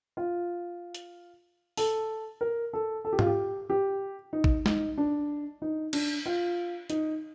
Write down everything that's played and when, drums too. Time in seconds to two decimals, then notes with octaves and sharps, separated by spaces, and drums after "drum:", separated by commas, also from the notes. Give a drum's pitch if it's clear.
0.17 F4
0.94 drum: hi-hat
1.77 A4, drum: open hi-hat
2.41 A#4
2.73 A4
3.05 A4
3.13 G4
3.19 F4, drum: tom G#2
3.26 G4
3.70 G4
4.33 D#4
4.44 drum: kick
4.66 D#4, drum: snare
4.98 D4
5.62 D#4
5.93 D4, drum: cymbal
6.26 F4
6.90 D#4, drum: hi-hat